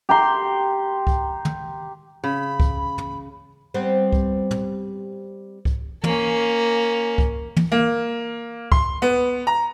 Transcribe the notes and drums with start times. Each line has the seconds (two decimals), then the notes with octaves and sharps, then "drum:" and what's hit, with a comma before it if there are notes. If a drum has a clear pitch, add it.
0.09 G4 A#5 C6
1.07 drum: kick C#2
1.45 drum: tom
2.24 C#3 B5
2.60 drum: kick C#2
2.98 drum: tom
3.74 G3 B3 C4
4.12 drum: kick C#2
4.51 drum: tom
5.65 drum: kick C#2
6.04 A#3 C#4, drum: tom
7.18 drum: kick C#2
7.56 drum: tom
7.72 A#3
8.72 C6, drum: kick C#2
9.02 B3
9.47 A#5